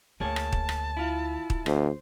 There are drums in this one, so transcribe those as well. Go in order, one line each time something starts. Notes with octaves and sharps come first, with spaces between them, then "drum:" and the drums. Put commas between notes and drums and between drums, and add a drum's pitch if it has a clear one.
D2 A#3 G#4 C#5 A5
drum: rim click
drum: kick
drum: rim click
E4 F4
drum: kick
D2 C5, drum: rim click